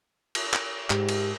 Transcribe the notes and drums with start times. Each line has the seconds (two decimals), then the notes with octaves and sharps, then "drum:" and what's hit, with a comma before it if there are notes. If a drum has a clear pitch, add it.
0.35 drum: cymbal
0.53 drum: clap
0.90 G#2 G4, drum: clap
1.09 drum: cymbal